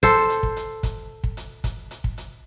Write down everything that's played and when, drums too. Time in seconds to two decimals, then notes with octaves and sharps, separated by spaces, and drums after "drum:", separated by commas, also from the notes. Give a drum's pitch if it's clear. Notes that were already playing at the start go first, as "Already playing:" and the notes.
0.03 A4 C5, drum: kick, hi-hat
0.30 drum: hi-hat
0.43 drum: kick
0.56 drum: hi-hat
0.83 drum: kick, hi-hat
1.24 drum: kick
1.37 drum: hi-hat
1.64 drum: kick, hi-hat
1.91 drum: hi-hat
2.04 drum: kick
2.18 drum: hi-hat